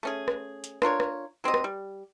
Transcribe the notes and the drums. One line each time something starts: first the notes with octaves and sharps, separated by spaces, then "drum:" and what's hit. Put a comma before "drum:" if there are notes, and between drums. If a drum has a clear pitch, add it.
A3 C#4 G#4
drum: rim click
drum: hi-hat
D4 F4 A#4 C#5, drum: rim click
drum: rim click
F#3 C4 G4 D#5
drum: rim click
G3